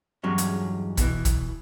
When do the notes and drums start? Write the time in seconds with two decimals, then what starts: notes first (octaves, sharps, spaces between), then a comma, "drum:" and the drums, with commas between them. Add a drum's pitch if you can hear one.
0.23 E2 G2 F#3 G#3 C#4
0.38 drum: hi-hat
0.97 B2 E3, drum: kick, hi-hat
1.25 drum: kick, hi-hat